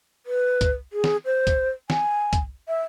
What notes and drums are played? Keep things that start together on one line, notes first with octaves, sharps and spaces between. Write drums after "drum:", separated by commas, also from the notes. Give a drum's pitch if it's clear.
B4
drum: kick, hi-hat
G#4
drum: snare
C5
drum: kick, hi-hat
G#5, drum: snare
drum: kick, hi-hat
E5